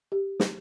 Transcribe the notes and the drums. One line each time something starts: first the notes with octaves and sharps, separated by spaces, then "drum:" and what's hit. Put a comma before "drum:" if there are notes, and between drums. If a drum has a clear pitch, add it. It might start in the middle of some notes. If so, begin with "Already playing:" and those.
G4
drum: snare